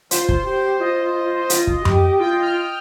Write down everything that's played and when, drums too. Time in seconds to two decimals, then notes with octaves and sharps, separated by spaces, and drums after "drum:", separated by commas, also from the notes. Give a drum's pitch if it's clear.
0.11 F4 C5, drum: hi-hat
0.29 drum: kick
0.46 G4
0.80 F4 D#5
1.50 F4, drum: hi-hat
1.67 drum: kick
1.85 G4, drum: tom F#2
2.19 F4 G5
2.42 F6